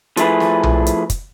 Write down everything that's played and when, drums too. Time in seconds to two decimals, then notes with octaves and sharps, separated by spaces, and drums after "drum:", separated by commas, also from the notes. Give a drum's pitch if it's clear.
0.17 F3 A3 E4 G#4 B4, drum: hi-hat
0.40 drum: snare
0.63 drum: tom B1
0.86 drum: hi-hat
1.10 drum: kick, hi-hat